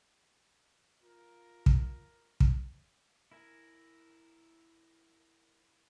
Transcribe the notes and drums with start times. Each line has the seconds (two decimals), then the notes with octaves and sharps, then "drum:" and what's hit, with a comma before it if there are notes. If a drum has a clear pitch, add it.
1.02 F4 A#4
1.66 drum: kick
2.40 drum: kick
3.32 E4 A#4 G#5